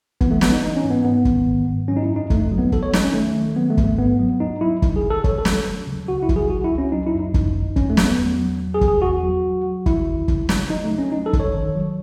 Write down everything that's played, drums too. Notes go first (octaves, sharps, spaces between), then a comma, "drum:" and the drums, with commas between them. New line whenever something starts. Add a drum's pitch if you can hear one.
E3 B3, drum: kick
A3
E3 B3, drum: snare
D#4
E3 D#4
C#4
G#2
B3
G#2 B3
D#3, drum: kick
G#2
G#2
F#3 C#4
D#4
E4
F#2
D#4
F#2 A3, drum: kick
A3
F#3
B3
D#2 A4, drum: kick
C#5
F#3 D#4, drum: snare
C#4
D#3 A3
D#3
F#3 B3
A3
G#2, drum: kick
A3
G#2 B3
F#3
D#2 D#4
F#3 E4
D#2, drum: kick
G#4
D#2
A4
D#2 C#5, drum: kick
A4
D#2, drum: snare
F#3
C#3
C#2 F#4
E4
F#3, drum: kick
G#4
C#2 F#4
E4
C#2
C#4
F#3 D#4
E4
F#2
D#4
F#2, drum: kick
F#2
E2 C#4, drum: kick
A3
F#3, drum: snare
B3
E2
F#3
E2
G#4
E2, drum: kick
G#4
E2 F#4
F#3
F#3
F#3
D#3 E4, drum: kick
E2
C#3, drum: kick
D#2, drum: snare
F#3 D#4
A3
F#3
C#4
F#3 D#4
A4
F#2, drum: kick
C#5
D#3
F#3